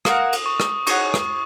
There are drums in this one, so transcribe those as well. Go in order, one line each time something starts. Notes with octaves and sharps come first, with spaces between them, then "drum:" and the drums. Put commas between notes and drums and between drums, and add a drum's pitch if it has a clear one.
A#3 F#4 A#4 F#5 D#6, drum: rim click
drum: cymbal
C#6
drum: rim click
D#4 G#4 C#5 F#5 C#6, drum: cymbal
drum: rim click